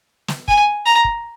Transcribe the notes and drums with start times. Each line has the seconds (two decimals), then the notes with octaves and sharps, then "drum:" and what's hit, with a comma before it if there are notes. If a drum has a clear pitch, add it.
0.28 drum: snare
0.48 G#5, drum: kick
0.86 A#5
1.05 drum: kick